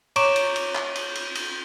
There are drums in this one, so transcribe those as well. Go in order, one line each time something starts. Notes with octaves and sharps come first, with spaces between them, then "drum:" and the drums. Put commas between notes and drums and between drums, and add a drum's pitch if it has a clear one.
C#5 A#5 C#6 D6 D7 E7, drum: cymbal
drum: cymbal
drum: cymbal
drum: clap
drum: cymbal
drum: cymbal
drum: cymbal